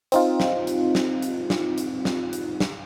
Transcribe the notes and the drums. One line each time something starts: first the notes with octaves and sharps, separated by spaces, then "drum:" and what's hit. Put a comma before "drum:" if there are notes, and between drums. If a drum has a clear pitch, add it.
C4 D#4 F4, drum: hi-hat
drum: snare
drum: hi-hat
drum: snare
drum: hi-hat
drum: snare
drum: hi-hat
drum: snare
drum: hi-hat
drum: snare